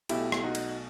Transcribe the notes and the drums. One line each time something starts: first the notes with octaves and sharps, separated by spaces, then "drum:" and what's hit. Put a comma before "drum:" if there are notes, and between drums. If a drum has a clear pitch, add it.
B1 B2 A3 E4 G4, drum: cymbal
drum: rim click
D#4 F#4
drum: cymbal